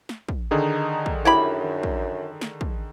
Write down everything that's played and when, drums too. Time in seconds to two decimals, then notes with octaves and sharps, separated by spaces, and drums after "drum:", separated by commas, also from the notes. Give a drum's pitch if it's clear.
0.09 drum: snare
0.29 drum: kick
0.51 D3 D#3 D#4 G#4
1.06 drum: kick
1.25 F#2 E4 G4 B5
1.64 drum: tom D3
1.83 drum: kick
2.41 drum: snare
2.61 drum: kick